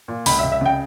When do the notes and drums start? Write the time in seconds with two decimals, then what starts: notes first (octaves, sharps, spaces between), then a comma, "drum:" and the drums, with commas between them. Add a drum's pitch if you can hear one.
0.08 A#2
0.26 C#2 B5, drum: open hi-hat
0.39 E5
0.43 C#2
0.52 E5
0.61 C#3 G5